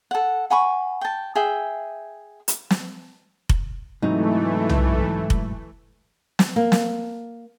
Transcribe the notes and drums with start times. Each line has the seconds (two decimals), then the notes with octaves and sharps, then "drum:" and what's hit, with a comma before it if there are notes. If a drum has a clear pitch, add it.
0.11 A4 F#5
0.50 F#5 G#5 B5 C#6
1.01 G5 A5
1.35 G#4 E5 G5
2.48 drum: hi-hat
2.71 drum: snare
3.49 drum: kick F1
4.02 G#2 C3 E3 F#3 A3 D#4
4.70 drum: tom B1
5.30 drum: kick F1
6.39 drum: snare
6.56 A#3
6.72 drum: snare